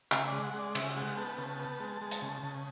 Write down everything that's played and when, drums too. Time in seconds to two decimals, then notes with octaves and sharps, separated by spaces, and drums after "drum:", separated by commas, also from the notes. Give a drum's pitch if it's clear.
0.12 C#3 E5, drum: clap
0.27 D5
0.33 G#3
0.44 F#5
0.54 G#3
0.59 D5
0.75 C#3 E5, drum: cymbal
0.96 G#3 F#5
1.17 B3 A5
1.38 C#3 A5
1.59 B3
1.80 G#3
2.01 G#3
2.11 drum: hi-hat
2.22 C#3
2.43 C#3